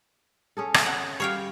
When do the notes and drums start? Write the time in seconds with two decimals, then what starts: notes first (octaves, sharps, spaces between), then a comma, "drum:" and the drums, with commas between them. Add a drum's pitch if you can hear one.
0.57 C#4 G#4 A4
0.74 drum: rim click
0.86 F#5
1.20 G3 C#5 F5 G5